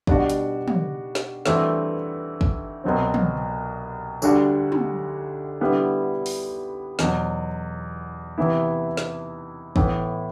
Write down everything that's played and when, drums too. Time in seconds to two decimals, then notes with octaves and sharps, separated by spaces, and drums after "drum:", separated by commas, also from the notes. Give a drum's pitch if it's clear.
0.07 B2 G3 D4 F#4, drum: kick
0.30 drum: hi-hat
0.68 drum: tom
1.15 drum: snare
1.46 G2 E3 A3 C4 F#4, drum: snare
2.41 drum: kick
2.84 C2 B2 F#3 C4
3.14 drum: tom
4.22 D2 D3 G3 D4 F#4, drum: tambourine
4.72 drum: tom
5.61 D3 G3 B3 E4
6.26 drum: open hi-hat
6.99 E2 B2 F#3, drum: snare
8.38 C3 E3 B3 E4
8.97 drum: snare
9.76 A2 E3 B3 E4, drum: kick